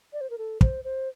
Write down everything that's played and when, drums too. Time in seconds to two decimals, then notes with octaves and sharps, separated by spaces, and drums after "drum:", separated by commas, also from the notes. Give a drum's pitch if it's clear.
0.13 D5
0.21 C5
0.30 A#4
0.38 A4
0.61 C5, drum: kick
0.84 C5